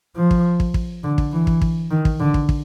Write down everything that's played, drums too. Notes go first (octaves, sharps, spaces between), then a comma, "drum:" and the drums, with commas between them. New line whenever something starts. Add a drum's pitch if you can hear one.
F3
drum: kick
drum: kick
drum: kick
D3
drum: kick
E3
drum: kick
drum: kick
D#3
drum: kick
D3
drum: kick
drum: kick